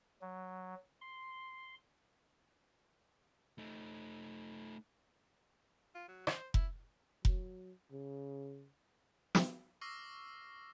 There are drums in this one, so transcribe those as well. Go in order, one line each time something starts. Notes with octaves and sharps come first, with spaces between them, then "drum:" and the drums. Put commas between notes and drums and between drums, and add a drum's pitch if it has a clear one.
F#3
C6
A3 D#4
F4
F#3
C5, drum: rim click
E4, drum: kick F1
F#3, drum: kick F1
C#3
drum: snare
C#6 D6 E6 F6 A#6 C7